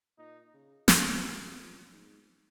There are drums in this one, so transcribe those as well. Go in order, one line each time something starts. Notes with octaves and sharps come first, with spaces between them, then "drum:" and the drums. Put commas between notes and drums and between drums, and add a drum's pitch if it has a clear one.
A#2 D#4
C#3
D#3 C#4, drum: snare
F#3
D#3
C#3
A#2
G#2